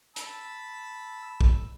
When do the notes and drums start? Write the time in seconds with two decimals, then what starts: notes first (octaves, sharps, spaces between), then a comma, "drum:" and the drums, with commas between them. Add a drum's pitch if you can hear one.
0.16 A5 B5 E6, drum: hi-hat
1.41 drum: kick